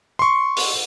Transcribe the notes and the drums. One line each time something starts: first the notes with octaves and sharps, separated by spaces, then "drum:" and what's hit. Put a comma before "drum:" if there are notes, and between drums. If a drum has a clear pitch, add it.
C6 C#6
drum: open hi-hat